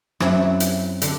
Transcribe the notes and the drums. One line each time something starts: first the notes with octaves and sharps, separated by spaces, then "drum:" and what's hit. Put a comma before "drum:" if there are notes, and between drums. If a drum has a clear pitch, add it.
F#2 F#3 C4 E4, drum: rim click
drum: hi-hat
D3, drum: hi-hat